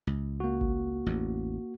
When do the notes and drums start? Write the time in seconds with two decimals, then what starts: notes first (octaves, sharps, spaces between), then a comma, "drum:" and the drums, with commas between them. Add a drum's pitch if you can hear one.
0.07 C#2
0.40 A#3 F#4
0.61 drum: kick G#1
1.06 A1 E2